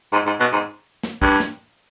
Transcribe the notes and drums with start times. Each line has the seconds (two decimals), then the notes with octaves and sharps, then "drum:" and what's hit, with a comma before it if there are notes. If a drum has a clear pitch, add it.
0.13 G#2
0.26 G#2
0.40 B2
0.53 G#2
1.03 drum: snare
1.22 G2, drum: kick
1.40 drum: snare